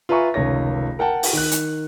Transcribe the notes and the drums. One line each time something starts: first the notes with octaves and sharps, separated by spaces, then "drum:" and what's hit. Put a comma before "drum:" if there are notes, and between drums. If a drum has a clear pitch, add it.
F4 B4 E5 G#5 A#5 C#6
F1 C#2 D#3 C#5 A#6
A#4 F#5 G5 A5
drum: open hi-hat
D#3 F#6
drum: hi-hat